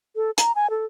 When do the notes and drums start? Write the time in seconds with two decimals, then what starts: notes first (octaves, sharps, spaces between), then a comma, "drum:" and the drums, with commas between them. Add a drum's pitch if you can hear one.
0.16 A4
0.38 A#5, drum: hi-hat
0.56 G#5
0.70 A4